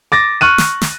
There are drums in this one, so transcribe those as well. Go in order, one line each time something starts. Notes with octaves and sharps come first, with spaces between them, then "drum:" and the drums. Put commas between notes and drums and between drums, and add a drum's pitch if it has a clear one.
D6 A6 A#6
C#6 F6 F#6 D#7
drum: snare
drum: snare